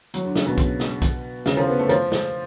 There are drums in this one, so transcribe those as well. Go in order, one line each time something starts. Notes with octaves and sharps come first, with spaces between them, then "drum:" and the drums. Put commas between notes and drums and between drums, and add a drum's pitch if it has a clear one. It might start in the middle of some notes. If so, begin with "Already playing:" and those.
F#3, drum: hi-hat
D3
C#3, drum: snare
B2
drum: kick, hi-hat
drum: snare
drum: kick, hi-hat
C#3, drum: snare
F3
B3
A3
F3, drum: hi-hat
drum: snare